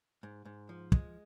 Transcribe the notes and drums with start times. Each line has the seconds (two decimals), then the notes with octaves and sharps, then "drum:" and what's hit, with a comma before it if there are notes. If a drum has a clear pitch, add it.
0.23 G#2
0.45 G#2
0.69 F3
0.92 G#3, drum: kick